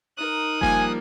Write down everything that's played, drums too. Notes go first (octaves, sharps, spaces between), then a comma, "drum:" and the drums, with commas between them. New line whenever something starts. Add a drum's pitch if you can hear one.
D#4 A#4 D#6 F#6
F3 G3 A#3 G#5, drum: kick F#1